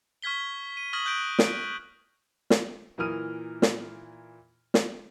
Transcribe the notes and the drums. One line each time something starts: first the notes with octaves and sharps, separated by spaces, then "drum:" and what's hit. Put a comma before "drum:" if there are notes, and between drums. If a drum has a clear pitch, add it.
C#6 F6 G#6 B6 G7
D#7
C#6 D#6 F6 G#6 A#6 F#7
D#6 F#6 G6 A#6 D7
D7, drum: snare
drum: snare
A#2 E3 A#4 D#6 F6 D#7
drum: snare
drum: snare